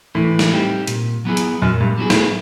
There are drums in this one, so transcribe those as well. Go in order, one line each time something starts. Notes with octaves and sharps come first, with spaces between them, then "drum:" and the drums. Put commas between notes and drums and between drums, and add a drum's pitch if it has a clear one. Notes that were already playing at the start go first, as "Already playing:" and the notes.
A2 E3
drum: snare
G3 C4 D#4 G4
A#2, drum: hi-hat
F#3 B3 E4 G#4
drum: hi-hat
F#2 A#2
G2
F#3 B3 E4 G#4
A2, drum: snare